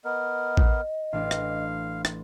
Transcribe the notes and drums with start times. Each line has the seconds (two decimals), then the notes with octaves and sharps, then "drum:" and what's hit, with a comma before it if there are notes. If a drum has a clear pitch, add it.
0.05 B3 A#4 D#5
0.57 drum: kick A1
1.13 A1 D4 F5
1.31 drum: rim click
2.05 drum: rim click